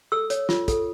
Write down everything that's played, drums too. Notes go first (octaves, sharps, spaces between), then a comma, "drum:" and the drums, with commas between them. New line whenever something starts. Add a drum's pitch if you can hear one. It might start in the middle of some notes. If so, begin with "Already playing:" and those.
A4 E6
C#5, drum: hi-hat
F4, drum: snare
A4, drum: kick, hi-hat